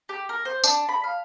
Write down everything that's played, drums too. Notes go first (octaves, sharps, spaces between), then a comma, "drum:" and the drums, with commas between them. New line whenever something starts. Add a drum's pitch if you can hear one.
G4
A#4
C5
D4, drum: tambourine
B5
F5